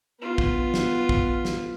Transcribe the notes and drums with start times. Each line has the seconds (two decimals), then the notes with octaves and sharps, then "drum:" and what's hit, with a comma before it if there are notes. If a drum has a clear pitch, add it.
0.20 B3 F4
0.38 drum: kick
0.74 drum: snare
1.09 drum: kick
1.45 drum: snare